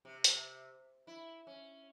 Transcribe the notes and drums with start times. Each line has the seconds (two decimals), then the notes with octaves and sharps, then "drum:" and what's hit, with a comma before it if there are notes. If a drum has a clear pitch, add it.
0.05 C3
0.24 drum: hi-hat
1.07 E4
1.47 C#4